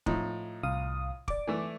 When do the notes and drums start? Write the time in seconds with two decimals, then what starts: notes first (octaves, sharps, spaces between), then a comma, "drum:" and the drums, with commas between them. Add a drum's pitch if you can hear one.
0.06 A2 F3 D#4, drum: kick
0.63 C2 F5 D#6
1.28 D5 D6, drum: kick
1.47 E3 A3